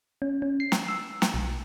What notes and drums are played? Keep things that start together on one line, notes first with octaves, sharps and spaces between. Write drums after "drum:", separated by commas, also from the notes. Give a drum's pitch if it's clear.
C#4
C#4
C7
drum: snare
E6
drum: snare
B1